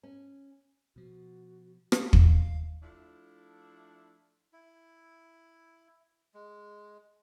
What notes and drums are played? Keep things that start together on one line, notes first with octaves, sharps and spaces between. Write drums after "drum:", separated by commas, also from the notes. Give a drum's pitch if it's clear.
C#4
B2 F3 F#4
F5, drum: rim click
drum: kick
F3 A3 D4 E4
E4
G#3